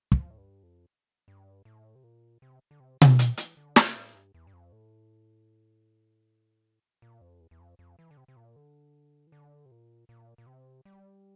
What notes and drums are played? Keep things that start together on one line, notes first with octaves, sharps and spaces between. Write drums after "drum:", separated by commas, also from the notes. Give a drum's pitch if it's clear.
F3, drum: kick
A2
G2
F2
G2
A2
C3
A#2
C3
D3
C3
drum: tom B2
C3, drum: hi-hat
E3, drum: hi-hat
D3
C3, drum: snare
A2
G2
E2
G2
F2
A2
A#2
F2
E2
E2
F2
F2
E3
D3
C3
C3
A#2
D3
E3
D3
C3
A#2
A#2
A#2
C3
G3